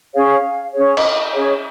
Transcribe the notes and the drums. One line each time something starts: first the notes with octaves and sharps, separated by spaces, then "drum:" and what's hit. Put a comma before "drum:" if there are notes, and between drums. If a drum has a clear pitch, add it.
C#4 G#4 C#5 F5
C#4 G#4 C#5
drum: cymbal
C#4 G#4 C#5